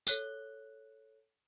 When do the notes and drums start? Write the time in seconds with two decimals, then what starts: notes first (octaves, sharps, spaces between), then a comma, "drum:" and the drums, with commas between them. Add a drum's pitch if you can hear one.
0.07 A4 C#5 F#6 G7, drum: tambourine